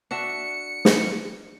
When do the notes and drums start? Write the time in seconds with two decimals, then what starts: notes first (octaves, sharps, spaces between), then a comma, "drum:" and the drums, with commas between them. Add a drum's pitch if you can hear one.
0.11 D4 F#4 E5 C#7
0.85 drum: snare